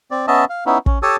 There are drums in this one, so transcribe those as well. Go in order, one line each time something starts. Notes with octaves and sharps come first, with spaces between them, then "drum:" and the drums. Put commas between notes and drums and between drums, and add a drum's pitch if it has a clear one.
C4 D5
B3 C#4 D#5 E5 A5
F5
B3 C#4 D#4 E4
C#4, drum: kick
G4 A4 C#5 A5 D#6 E6